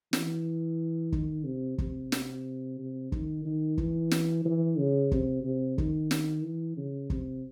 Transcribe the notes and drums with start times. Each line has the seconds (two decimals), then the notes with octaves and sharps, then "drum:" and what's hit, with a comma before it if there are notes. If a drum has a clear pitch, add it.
0.13 E3, drum: snare
1.12 D#3, drum: kick
1.45 C3
1.78 C3, drum: kick
2.12 drum: snare
2.79 C3
3.12 D#3, drum: kick
3.45 D#3
3.78 E3, drum: kick
4.11 drum: snare
4.45 E3
4.78 C#3
5.11 C3, drum: kick
5.44 C3
5.78 D#3, drum: kick
6.11 drum: snare
6.44 E3
6.77 C#3
7.10 C3, drum: kick